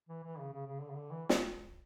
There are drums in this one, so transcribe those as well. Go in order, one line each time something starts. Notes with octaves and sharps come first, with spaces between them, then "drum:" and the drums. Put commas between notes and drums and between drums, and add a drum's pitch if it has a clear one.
E3
E3
C#3
C#3
C#3
D3
C#3
D3
E3
drum: snare